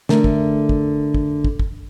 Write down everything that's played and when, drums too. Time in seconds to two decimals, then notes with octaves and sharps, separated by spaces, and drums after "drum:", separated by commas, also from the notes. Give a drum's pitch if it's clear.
0.09 D3 A3 A#4, drum: snare
0.24 drum: kick
0.69 drum: kick
1.14 drum: kick
1.44 drum: kick
1.60 drum: kick